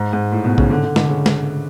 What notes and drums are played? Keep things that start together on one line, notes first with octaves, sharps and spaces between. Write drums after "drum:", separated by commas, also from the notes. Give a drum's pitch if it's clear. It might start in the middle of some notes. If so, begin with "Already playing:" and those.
Already playing: G#2
G#2
A2
B2
C#3, drum: kick A1
D3
D3
D3, drum: snare
C#3
drum: snare